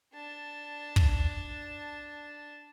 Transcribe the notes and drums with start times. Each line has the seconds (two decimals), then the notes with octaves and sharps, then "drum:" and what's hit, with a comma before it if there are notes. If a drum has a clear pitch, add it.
0.14 D4 A5
0.96 drum: kick